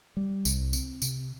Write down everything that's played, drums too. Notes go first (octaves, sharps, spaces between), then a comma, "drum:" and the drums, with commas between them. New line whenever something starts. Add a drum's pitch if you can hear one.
G3
C2, drum: tambourine
C4, drum: tambourine
C3, drum: tambourine